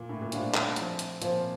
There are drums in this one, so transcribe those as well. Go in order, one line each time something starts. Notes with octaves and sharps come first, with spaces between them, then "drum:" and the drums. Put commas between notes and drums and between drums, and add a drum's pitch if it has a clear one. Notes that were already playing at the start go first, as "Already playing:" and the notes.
Already playing: A#2
A2
A#2
A2 G3 D4 F4 C5 F5, drum: hi-hat
drum: clap
F3 C4 F4 C5, drum: hi-hat
drum: hi-hat
A#2 F3 C4 F4 C5, drum: hi-hat